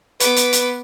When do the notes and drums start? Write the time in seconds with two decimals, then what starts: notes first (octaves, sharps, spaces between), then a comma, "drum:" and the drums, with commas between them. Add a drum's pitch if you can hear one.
0.20 B3 B4 D6, drum: hi-hat
0.36 drum: hi-hat
0.53 drum: hi-hat